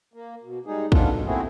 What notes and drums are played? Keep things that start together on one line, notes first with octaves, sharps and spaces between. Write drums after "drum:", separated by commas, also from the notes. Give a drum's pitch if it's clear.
A#3
B2
G3 G#3 D#4 G#4
D#3 B3 C#4 D4 F4 A4, drum: kick
G2 B2
A3 A#3 C4 E4 F#4 G#4